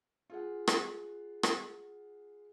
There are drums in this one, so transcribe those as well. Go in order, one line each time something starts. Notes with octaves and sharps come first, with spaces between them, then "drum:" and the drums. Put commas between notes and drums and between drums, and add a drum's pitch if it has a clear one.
F4 G#4 F#5
drum: rim click
drum: rim click